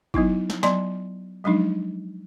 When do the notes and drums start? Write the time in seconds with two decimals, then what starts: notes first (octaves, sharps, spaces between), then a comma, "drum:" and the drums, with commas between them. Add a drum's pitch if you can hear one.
0.14 F#3 B3 D#4 E4, drum: kick
0.50 drum: snare
0.63 F#3 B3 D5 A5 C6, drum: snare
1.44 F3 F#3 G#3 D4 D#4